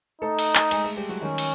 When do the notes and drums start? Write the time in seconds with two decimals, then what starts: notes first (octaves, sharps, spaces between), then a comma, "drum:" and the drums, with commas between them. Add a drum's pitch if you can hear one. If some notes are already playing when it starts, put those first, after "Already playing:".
0.21 A3 D#4 A4
0.39 drum: cymbal
0.55 drum: clap
0.71 G#3 G#4, drum: cymbal
0.84 A3 A4
0.96 G3 G4
1.09 F#3 F#4
1.21 D#3 C#4 D#4
1.38 drum: cymbal